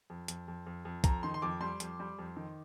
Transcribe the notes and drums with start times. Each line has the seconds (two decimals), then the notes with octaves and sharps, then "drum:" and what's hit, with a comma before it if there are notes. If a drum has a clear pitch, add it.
0.10 F2
0.28 F2, drum: hi-hat
0.48 F2
0.67 F2
0.85 F2
1.04 F2 A#5, drum: kick, hi-hat
1.23 D#3 C6
1.34 C6
1.42 F2 D6
1.61 G3 C6
1.80 F2, drum: hi-hat
2.00 G3
2.19 F2
2.36 D#3